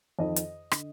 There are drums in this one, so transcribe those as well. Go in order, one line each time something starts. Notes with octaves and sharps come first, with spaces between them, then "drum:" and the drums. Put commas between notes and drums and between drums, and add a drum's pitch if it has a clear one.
F2 D#3 D#5
drum: hi-hat
D3, drum: rim click